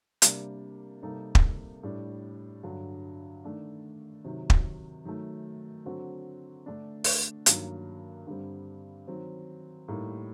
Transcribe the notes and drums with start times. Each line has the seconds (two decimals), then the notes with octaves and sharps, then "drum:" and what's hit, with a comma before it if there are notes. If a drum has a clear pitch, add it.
0.22 C3 G3 A#3 D4, drum: hi-hat
1.03 C3 G3 A#3 D#4 A4
1.35 drum: kick
1.83 A2 G3 D4
2.63 G2 D3 F#3
3.44 D#3 A3 D4
4.25 C3 D#3 F#3
4.50 drum: kick
5.05 D#3 F#3 A3
5.85 D3 F#3 C4 F#4 A4
6.66 D3 A3 D4
7.04 drum: open hi-hat
7.46 G2 D#3 F#3 A#3, drum: hi-hat
8.27 G2 D3 G3 C4
9.07 D#3 F#3 C4
9.88 A2 G3 A#3 D#4